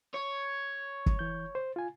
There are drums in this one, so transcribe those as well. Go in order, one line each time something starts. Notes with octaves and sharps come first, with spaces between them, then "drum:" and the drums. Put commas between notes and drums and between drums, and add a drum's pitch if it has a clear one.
C#5
drum: kick
E3 G6
C5
F4 G#5